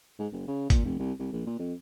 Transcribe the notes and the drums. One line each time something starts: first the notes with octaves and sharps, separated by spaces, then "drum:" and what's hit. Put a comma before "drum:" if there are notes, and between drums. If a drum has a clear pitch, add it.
G#2
F#1
C#3
A#2, drum: kick, hi-hat
F1
C2
C2
A#1
A#2
F2